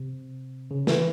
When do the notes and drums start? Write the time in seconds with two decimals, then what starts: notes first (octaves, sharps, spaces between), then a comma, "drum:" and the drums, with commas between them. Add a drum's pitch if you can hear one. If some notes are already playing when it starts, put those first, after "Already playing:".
Already playing: C3
0.71 C#3
0.87 E3, drum: snare